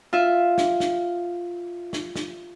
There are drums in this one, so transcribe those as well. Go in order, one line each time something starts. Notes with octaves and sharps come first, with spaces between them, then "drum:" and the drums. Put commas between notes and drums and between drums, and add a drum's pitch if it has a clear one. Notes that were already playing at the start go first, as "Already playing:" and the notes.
F4 E5
drum: snare
drum: snare
drum: snare
drum: snare